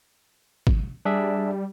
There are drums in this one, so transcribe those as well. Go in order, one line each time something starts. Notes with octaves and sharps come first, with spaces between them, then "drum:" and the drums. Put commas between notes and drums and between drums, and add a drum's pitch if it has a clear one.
drum: kick G#1
G3 D4 G#4 E5